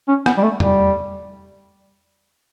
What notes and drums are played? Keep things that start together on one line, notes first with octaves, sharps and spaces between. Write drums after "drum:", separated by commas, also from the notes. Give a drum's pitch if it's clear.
C#4
B3, drum: rim click
G3
A3
G3, drum: tom